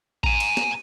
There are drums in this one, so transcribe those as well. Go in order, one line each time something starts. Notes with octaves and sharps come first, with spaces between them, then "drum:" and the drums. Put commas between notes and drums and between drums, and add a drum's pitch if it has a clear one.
G#5 A#5, drum: kick A1
drum: cymbal
drum: snare